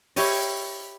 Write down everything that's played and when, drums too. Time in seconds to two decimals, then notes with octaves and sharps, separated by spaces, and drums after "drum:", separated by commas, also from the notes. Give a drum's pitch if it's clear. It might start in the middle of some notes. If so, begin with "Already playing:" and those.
0.16 E4 G4 C#5 D#5, drum: open hi-hat